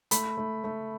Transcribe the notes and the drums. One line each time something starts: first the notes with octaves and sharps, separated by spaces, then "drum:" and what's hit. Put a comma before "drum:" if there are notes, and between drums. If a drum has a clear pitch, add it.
A3 B5, drum: hi-hat
A3
A3